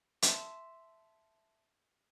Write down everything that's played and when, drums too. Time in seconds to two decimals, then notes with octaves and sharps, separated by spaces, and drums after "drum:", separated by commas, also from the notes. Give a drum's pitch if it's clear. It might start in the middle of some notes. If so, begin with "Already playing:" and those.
0.22 E5 A5 C6, drum: hi-hat